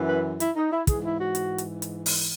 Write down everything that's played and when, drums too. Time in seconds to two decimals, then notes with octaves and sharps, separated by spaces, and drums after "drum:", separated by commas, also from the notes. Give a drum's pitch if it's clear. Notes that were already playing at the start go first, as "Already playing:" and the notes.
Already playing: F#2 E3
0.09 B4
0.40 E4, drum: hi-hat
0.56 D#4
0.72 E4
0.87 G#2 E3 G#4, drum: kick, hi-hat
1.03 E4
1.18 F#4
1.35 drum: hi-hat
1.58 drum: hi-hat
1.82 drum: hi-hat
2.06 drum: open hi-hat